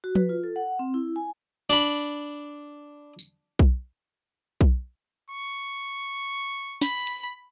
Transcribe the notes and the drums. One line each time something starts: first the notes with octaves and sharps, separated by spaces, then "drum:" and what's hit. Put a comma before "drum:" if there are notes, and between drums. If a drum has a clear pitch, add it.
F#4
B4, drum: tom F3
F4
A4
F#5
C4
E4
G#5
D4 B5
drum: tambourine
drum: kick B1
drum: kick B1
C#6
B5, drum: snare
drum: hi-hat